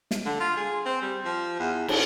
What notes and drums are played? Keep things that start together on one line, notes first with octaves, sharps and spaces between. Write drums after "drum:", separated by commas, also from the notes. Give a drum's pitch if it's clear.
drum: snare
D3
F4
G#4
C4
G3
F3
E2
F2, drum: cymbal